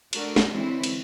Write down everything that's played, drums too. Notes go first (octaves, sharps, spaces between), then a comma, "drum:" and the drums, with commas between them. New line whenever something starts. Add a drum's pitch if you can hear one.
A3 D4 F#4 A4 A#4, drum: cymbal
drum: snare
D3 E3 G#3 C4 C#4 E4
drum: cymbal